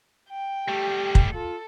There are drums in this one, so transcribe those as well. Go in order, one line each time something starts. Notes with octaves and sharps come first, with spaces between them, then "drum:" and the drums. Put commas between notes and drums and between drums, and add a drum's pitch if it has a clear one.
G5
G3 A3 G4
drum: kick
F4 A4